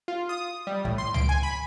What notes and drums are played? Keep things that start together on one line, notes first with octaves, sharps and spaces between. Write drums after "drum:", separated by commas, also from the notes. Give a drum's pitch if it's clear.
F4
D#6
G3
A2, drum: kick
C6
D7, drum: tom C#2
G#5
B5